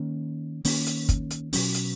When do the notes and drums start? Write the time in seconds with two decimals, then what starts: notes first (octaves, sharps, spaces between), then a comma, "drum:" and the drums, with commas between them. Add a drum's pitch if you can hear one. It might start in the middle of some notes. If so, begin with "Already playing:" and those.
Already playing: D#3 A#3 C#4
0.65 D#3 A#3 C#4, drum: open hi-hat
0.87 drum: hi-hat
1.09 drum: kick, hi-hat
1.31 drum: hi-hat
1.53 B2 F#3 C#4, drum: open hi-hat
1.75 drum: hi-hat